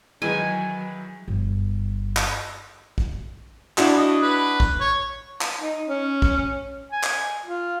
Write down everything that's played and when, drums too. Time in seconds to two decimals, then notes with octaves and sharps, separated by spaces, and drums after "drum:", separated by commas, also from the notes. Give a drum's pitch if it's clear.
0.22 D#3 E3 F#3 G#3 G#5
1.28 G1
2.17 drum: clap
2.98 drum: kick
3.78 D4 E4 F#4, drum: clap
3.98 D#5
4.22 B4
4.60 drum: kick
4.80 C#5
5.41 drum: clap
5.60 D#4
5.88 C#4
6.22 drum: kick
6.92 G#5
7.03 drum: clap
7.46 F4